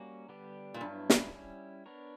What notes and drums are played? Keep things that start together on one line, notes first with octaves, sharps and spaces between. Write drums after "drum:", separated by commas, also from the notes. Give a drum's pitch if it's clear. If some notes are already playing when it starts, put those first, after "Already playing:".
Already playing: G3 A#3 C#4 F#4
D3 G3 B3 D4 G4
A#2
G2 F#3 B3 E4
drum: snare
G3 C#4 E4
B3 D4 A#4 C#5